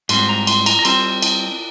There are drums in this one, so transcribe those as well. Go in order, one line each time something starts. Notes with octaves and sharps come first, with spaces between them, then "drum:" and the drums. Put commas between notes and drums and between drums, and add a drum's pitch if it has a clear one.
G#2 G3 C4 C6, drum: cymbal
A#5
C6, drum: cymbal
A#5, drum: cymbal
A#5
G3 C4 C6, drum: cymbal
drum: cymbal